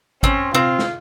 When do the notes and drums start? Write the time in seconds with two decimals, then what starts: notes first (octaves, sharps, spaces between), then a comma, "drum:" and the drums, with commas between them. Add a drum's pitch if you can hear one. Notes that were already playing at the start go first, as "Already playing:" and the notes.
0.23 C4 C#4, drum: kick G#1
0.54 C4 F4, drum: tom C3
0.79 drum: snare